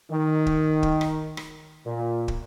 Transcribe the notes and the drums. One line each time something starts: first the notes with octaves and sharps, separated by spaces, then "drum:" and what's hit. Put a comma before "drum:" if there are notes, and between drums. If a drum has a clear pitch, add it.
D#3
drum: kick
drum: kick
drum: rim click
drum: rim click
A#2
drum: kick